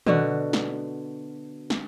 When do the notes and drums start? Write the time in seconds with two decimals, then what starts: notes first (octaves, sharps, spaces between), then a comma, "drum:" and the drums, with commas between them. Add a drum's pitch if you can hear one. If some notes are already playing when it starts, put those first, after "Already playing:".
0.07 B2 D3 F#4, drum: tom
0.53 drum: snare
1.70 drum: snare